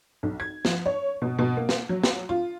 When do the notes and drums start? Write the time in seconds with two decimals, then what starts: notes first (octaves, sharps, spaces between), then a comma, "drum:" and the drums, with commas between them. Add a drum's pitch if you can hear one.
0.23 B1
0.40 G#6
0.65 F3, drum: snare
0.86 C#5
1.22 B2
1.39 B2
1.57 A#3
1.69 drum: snare
1.89 F#3
2.04 drum: snare
2.29 F4